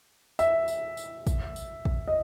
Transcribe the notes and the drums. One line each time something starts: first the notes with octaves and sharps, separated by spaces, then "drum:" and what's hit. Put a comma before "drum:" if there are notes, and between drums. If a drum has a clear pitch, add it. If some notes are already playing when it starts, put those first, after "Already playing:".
E5, drum: tambourine
drum: tambourine
drum: tambourine
drum: kick, tambourine
drum: tambourine
drum: kick
D#5